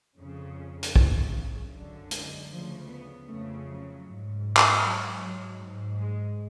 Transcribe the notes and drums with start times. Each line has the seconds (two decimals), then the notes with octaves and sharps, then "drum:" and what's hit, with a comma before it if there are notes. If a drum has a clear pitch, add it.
0.19 F2 C#3
0.83 drum: hi-hat
0.96 F#2 C#3, drum: kick
1.73 F#2 D3
2.11 G#3, drum: hi-hat
2.50 D2 C#3 F3
2.89 B3
3.27 F2 C#3 A3
3.67 F#3
4.05 G#2
4.57 drum: clap
4.82 G#2 F#3
5.21 F#3
5.60 G#2
5.98 G#3